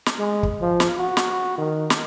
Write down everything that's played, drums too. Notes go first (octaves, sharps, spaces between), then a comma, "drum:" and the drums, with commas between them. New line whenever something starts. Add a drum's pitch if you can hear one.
drum: snare
G#3
drum: kick
F3
drum: snare
F#4
drum: snare
D#3
drum: snare